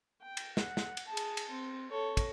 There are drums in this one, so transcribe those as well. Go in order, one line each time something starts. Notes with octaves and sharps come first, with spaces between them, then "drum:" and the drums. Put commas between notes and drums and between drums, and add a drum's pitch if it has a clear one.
G5
drum: cymbal
F#5, drum: snare
drum: snare
drum: cymbal
G#4 A5
drum: cymbal
drum: cymbal
C4
A4 C#5
drum: kick, cymbal